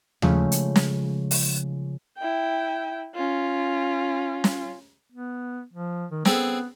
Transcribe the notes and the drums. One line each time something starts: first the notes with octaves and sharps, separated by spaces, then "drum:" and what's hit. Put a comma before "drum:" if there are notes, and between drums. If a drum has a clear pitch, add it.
C#3 F3 G#3 A3 C#4, drum: tom D#2
drum: hi-hat
drum: snare
drum: open hi-hat
E4 G5
C#4 F4
drum: snare
B3
F3
D#3
B3 C4 G#4 A4, drum: snare